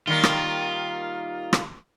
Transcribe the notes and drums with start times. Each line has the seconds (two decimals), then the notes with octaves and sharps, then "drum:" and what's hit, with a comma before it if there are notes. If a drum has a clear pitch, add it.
0.07 D#3 G3 A#3 F4
0.23 drum: rim click
1.53 drum: rim click